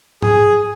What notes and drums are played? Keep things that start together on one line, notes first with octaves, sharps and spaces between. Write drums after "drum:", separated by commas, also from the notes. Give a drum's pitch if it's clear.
G#4, drum: tom G#2